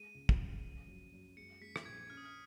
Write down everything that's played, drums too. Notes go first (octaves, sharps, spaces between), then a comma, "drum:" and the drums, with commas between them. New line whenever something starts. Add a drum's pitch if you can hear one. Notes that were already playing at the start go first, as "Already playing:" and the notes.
Already playing: G#3 D#7
C#2
drum: kick
C#2
F3
F#2
F#2
G#3 C#7
G#3 B6
drum: rim click
A#1 G#6
C#4 F6
D#6
F6